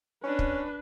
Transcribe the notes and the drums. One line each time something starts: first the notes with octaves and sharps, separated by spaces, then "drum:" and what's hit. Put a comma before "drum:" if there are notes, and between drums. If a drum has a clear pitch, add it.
C#4 D4 B4
drum: kick